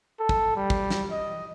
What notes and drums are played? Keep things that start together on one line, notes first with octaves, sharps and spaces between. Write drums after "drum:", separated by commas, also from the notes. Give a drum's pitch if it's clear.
A4
drum: kick
G3
drum: kick
drum: snare
D#5